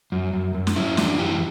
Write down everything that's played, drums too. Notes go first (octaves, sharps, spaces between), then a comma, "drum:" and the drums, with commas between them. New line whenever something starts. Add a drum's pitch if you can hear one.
F#2
F#2
F#2
drum: snare
F#2 C#4 E4
E3 D4 F#4, drum: snare
F#2 E4 G4